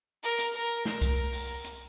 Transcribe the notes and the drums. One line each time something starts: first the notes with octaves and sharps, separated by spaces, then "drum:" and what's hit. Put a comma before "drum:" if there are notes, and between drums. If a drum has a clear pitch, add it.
A#4
drum: hi-hat
A#4
A#4, drum: snare
drum: kick C2, hi-hat
drum: open hi-hat
drum: hi-hat